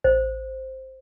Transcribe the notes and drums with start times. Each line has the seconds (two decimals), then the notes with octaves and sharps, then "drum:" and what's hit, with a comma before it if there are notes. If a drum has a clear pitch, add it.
0.04 C5, drum: kick A1